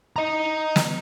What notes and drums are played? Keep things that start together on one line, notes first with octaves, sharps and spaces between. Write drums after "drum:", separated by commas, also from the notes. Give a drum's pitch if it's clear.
D#5 A#5
drum: snare